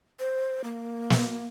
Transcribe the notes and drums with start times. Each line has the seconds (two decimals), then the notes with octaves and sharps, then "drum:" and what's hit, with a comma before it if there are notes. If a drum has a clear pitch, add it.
0.19 C5
0.64 A#3
1.10 drum: snare